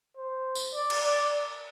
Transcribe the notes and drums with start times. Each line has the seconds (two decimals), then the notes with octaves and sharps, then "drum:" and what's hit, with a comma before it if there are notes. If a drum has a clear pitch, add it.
0.17 C5
0.55 drum: tambourine
0.74 D5
0.90 drum: cymbal
1.02 D5